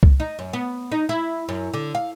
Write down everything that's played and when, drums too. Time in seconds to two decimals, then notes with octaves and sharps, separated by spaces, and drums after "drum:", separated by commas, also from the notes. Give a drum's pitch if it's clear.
0.03 drum: kick C2
0.20 D#4
0.39 F#2
0.53 B3
0.92 D#4
1.09 E4
1.49 F#2
1.74 D3
1.95 F5